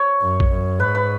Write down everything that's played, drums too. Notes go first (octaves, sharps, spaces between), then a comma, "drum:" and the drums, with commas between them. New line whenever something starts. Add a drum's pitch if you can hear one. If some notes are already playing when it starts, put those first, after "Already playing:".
Already playing: C#5
F#2
drum: kick
F#2
G#2 B4
B4